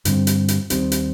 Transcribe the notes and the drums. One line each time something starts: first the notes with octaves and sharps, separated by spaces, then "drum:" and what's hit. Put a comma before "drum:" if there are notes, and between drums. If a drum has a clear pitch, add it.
G2 D3 G3 C4, drum: hi-hat
drum: hi-hat
drum: hi-hat
D#2 D#3 G3 C4, drum: hi-hat
drum: hi-hat